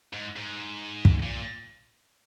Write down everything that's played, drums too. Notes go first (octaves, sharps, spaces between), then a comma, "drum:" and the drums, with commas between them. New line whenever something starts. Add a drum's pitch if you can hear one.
G#2
G#2
drum: kick
A#2